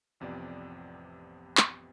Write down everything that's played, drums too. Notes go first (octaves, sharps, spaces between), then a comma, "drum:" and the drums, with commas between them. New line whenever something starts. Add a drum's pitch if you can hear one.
A1 F2 C3 B3 D5
drum: clap